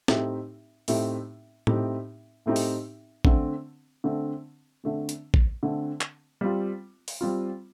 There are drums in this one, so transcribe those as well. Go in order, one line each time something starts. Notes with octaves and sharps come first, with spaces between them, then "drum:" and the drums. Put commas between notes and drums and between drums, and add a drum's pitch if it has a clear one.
A2 A3 C4 D#4 G4, drum: snare
A2 A3 C4 D#4 G4, drum: open hi-hat
A2 A3 C4 D#4 G4, drum: tom A2
A2 A3 C4 D#4 G4
drum: open hi-hat
D3 A3 C4, drum: kick
D3 A3 C4
D3 A3 C4
drum: hi-hat
drum: kick
D3 A3 C4
drum: clap
G3 C4 F4
drum: open hi-hat
G3 C4 F4